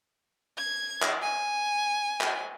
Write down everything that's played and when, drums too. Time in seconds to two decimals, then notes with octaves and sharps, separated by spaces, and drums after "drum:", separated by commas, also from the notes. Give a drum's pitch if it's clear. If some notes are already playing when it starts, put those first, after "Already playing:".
0.58 G#6
1.02 drum: clap
1.22 G#5
2.21 drum: clap